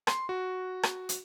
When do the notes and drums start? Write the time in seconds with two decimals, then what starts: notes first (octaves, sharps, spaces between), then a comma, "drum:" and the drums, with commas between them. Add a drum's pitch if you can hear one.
0.07 C6, drum: rim click
0.29 F#4
0.83 drum: rim click
1.09 drum: hi-hat